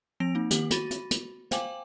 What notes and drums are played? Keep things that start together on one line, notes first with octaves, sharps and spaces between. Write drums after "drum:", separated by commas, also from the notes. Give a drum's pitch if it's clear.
F3 C4 A#6 D7 F7
A#3 D#4
D#3 A#3 G4 F#7, drum: hi-hat
F#4 B5 A6 D#7, drum: hi-hat
drum: hi-hat
drum: hi-hat
C5 F5 G5 G#5 D6 F#7, drum: hi-hat